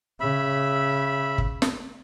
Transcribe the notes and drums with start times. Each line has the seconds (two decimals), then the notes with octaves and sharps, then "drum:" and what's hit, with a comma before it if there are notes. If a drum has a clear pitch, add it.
0.20 C#3 E5 B5
1.38 drum: kick
1.62 drum: snare